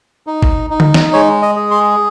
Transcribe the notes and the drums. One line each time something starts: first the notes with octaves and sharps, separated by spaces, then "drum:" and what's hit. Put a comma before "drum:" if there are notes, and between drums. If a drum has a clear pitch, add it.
D#4
drum: kick
D#4
drum: tom D3
drum: snare
G#3 C#5
D#5
G#4
C6